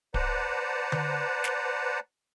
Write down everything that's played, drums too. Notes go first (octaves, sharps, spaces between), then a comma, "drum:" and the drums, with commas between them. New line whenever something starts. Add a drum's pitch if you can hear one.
B4 C5 D5 F#5 A5 A#5, drum: kick D1
drum: tom D3
drum: snare